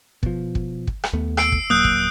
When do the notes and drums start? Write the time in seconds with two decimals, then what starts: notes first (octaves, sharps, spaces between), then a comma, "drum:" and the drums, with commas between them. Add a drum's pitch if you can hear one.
0.23 B2 F3, drum: kick
0.55 drum: kick
0.87 drum: kick
1.04 drum: rim click
1.13 D#2 A3 B3
1.37 E6 C7 D7, drum: rim click
1.52 drum: kick
1.70 D#1 F#3 A#3 D#6 F#6 G6
1.84 drum: kick